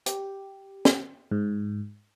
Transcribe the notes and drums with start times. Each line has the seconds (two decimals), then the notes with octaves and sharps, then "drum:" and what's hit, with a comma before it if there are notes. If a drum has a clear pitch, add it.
0.06 G4, drum: hi-hat
0.85 drum: snare
1.31 G#2